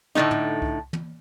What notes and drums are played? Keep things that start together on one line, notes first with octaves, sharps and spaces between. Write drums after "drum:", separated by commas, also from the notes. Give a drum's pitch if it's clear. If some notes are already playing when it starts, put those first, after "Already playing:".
A2 D3 D#3 A3 D#4
drum: tom
drum: kick C2
drum: tom